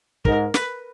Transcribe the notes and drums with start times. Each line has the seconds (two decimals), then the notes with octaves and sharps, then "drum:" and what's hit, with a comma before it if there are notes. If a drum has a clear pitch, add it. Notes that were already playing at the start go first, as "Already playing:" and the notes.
0.25 G#2 A#4, drum: kick
0.54 B4, drum: snare